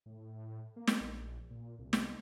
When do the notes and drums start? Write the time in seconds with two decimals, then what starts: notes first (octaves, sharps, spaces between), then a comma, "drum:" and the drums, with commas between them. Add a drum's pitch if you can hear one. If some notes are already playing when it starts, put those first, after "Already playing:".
0.06 A2
0.76 A#3
0.87 drum: snare
1.01 A#1
1.50 A#2
1.79 C2
1.93 drum: snare